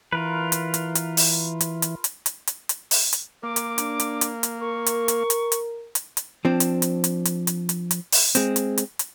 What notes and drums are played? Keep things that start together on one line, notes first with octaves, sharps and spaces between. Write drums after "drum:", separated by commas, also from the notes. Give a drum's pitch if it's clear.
E3 F4 A#4 B4
drum: hi-hat
drum: hi-hat
drum: hi-hat
drum: open hi-hat
drum: hi-hat
drum: hi-hat
drum: hi-hat
drum: hi-hat
drum: hi-hat
drum: hi-hat
drum: open hi-hat
drum: hi-hat
A#3 A#4 D6
drum: hi-hat
D4, drum: hi-hat
drum: hi-hat
drum: hi-hat
drum: hi-hat
A#4 C#6
drum: hi-hat
drum: hi-hat
drum: hi-hat
drum: hi-hat
drum: hi-hat
drum: hi-hat
F3 C4 D4
drum: hi-hat
drum: hi-hat
drum: hi-hat
drum: hi-hat
drum: hi-hat
drum: hi-hat
drum: hi-hat
drum: open hi-hat
G#3 C4, drum: hi-hat
drum: hi-hat
drum: hi-hat
drum: hi-hat